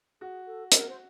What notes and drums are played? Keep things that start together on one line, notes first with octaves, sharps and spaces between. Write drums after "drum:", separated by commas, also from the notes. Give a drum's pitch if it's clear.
F#4 G#4
A4
A#4, drum: hi-hat
C5